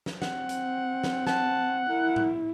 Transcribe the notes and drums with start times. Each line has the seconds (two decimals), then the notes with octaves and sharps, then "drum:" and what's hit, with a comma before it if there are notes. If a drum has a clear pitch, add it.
0.06 drum: snare
0.22 C4 F#5, drum: snare
0.49 drum: hi-hat
1.04 drum: snare
1.27 F#5 A5, drum: snare
1.90 E4 A#4
2.16 drum: tom